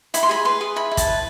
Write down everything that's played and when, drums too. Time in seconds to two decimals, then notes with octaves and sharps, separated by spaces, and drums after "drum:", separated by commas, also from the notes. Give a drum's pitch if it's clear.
0.14 E4 B5, drum: hi-hat
0.23 C6
0.29 G#4 B5
0.45 B4 C6
0.61 G#4
0.76 E4 B5
0.91 E4
0.97 A5, drum: kick, hi-hat
1.07 B4